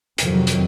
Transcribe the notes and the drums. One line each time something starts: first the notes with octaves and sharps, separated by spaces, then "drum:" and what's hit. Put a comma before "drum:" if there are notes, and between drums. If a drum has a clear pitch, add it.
F2 C3 D#3 F#3, drum: hi-hat
drum: hi-hat